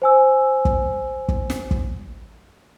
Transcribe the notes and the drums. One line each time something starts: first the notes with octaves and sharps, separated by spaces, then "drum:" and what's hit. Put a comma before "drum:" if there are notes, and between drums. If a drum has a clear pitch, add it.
C5 G#5 E6
drum: kick
drum: kick
drum: snare
drum: kick